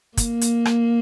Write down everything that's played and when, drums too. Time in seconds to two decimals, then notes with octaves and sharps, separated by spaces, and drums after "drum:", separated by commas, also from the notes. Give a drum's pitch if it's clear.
0.17 A#3, drum: kick, hi-hat
0.41 drum: hi-hat
0.65 drum: rim click